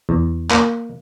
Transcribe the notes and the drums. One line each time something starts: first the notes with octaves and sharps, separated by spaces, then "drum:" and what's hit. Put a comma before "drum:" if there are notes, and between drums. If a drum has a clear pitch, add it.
E2
A#3, drum: clap